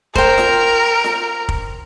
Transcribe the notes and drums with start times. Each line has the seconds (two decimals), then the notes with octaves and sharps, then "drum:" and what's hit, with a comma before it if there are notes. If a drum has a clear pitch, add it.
0.15 A#4 C5 G5, drum: kick
0.38 drum: snare F4
1.04 drum: snare F4
1.49 drum: kick